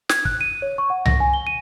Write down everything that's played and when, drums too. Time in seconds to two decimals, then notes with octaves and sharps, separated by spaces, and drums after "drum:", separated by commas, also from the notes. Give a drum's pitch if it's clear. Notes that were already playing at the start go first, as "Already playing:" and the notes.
0.09 G#6, drum: snare
0.25 F#6, drum: kick
0.41 D#7
0.62 C#5
0.78 C#6
0.90 F#5
1.06 A#6, drum: tom C2
1.20 G#5
1.34 G7
1.47 D#7